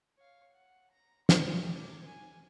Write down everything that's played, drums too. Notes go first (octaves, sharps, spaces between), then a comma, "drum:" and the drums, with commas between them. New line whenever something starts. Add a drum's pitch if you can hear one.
C#5 F5
F#5
A#5
C#6, drum: snare
D6 G#6
G#5